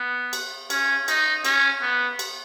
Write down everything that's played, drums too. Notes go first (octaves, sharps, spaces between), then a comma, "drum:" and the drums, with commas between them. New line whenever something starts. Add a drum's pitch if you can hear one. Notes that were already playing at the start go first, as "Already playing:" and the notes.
Already playing: B3
drum: cymbal
C#4, drum: cymbal
D#4, drum: cymbal
C#4, drum: cymbal
B3
drum: cymbal